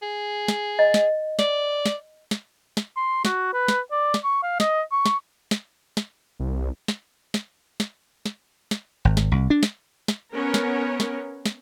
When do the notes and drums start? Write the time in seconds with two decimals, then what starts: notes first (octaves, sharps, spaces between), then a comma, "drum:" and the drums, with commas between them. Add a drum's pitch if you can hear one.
0.02 G#4
0.48 drum: snare
0.79 D#5
0.94 drum: snare
1.39 D5, drum: snare
1.86 drum: snare
2.31 drum: snare
2.77 drum: snare
2.97 C6
3.25 F#4, drum: snare
3.53 B4
3.68 drum: snare
3.91 D5
4.14 drum: snare
4.24 C#6
4.42 F5
4.60 D#5, drum: snare
4.92 C#6
5.06 drum: snare
5.51 drum: snare
5.97 drum: snare
6.40 C2
6.88 drum: snare
7.34 drum: snare
7.80 drum: snare
8.26 drum: snare
8.71 drum: snare
9.05 G#1
9.17 drum: snare
9.32 C2
9.50 D4
9.63 drum: snare
10.08 drum: snare
10.34 B3 C#4 A#4 C#5
10.54 drum: snare
11.00 drum: snare
11.46 drum: snare